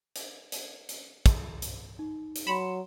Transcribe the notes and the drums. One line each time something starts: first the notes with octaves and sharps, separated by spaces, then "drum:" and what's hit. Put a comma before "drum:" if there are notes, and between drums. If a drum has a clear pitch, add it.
drum: hi-hat
drum: hi-hat
drum: hi-hat
drum: kick, hi-hat
drum: hi-hat
D#4
drum: hi-hat
F#3 B5 C6 C#7 E7